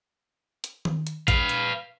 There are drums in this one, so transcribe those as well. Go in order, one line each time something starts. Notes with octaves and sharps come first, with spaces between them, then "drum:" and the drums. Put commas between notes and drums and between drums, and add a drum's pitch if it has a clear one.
drum: hi-hat
drum: tom D#3
drum: hi-hat
B4 F5, drum: kick A#1, hi-hat
drum: hi-hat